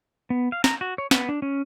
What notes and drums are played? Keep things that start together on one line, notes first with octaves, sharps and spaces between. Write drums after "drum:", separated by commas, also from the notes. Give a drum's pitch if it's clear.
B3
F5
A#5, drum: snare
F#4
C#5
B3, drum: snare
D4
C#4